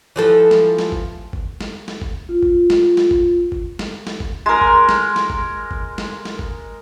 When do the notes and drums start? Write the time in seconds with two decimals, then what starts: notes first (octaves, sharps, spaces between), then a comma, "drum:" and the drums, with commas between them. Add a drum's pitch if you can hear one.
0.16 E3 F3 A4
0.51 drum: snare
0.79 drum: snare
0.92 drum: kick G1
1.33 drum: kick G1
1.61 drum: snare
1.88 drum: snare
2.02 drum: kick G1
2.29 F4
2.43 drum: kick G1
2.70 drum: snare
2.97 drum: snare
3.11 drum: kick G1
3.52 drum: kick G1
3.79 drum: snare
4.07 drum: snare
4.20 drum: kick G1
4.46 G#3 A#4
4.61 drum: kick G1
4.89 drum: snare
5.16 drum: snare
5.30 drum: kick G1
5.71 drum: kick G1
5.98 drum: snare
6.25 drum: snare
6.39 drum: kick G1